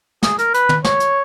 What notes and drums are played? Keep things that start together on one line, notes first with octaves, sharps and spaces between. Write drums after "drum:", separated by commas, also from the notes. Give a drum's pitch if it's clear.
G#4, drum: snare
A#4, drum: hi-hat
B4, drum: hi-hat
drum: tom
C#5, drum: snare
drum: hi-hat